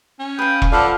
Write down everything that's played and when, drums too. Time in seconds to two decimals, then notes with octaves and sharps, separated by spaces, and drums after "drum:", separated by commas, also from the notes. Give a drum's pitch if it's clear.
0.19 C#4
0.39 B4 F5 G5 D#6
0.62 drum: kick E1
0.72 F3 F4 A4 B4 D5 F5 F#5